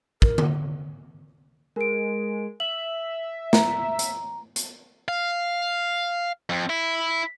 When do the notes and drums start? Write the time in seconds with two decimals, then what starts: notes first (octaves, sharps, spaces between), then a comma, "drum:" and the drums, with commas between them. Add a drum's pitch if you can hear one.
0.22 A#4, drum: kick
0.38 drum: tom D3
1.76 G#3 A#4 D7
2.60 E5 F#7
3.53 A#5, drum: snare
3.99 drum: hi-hat
4.56 drum: hi-hat
5.08 F5
6.49 F2
6.70 E4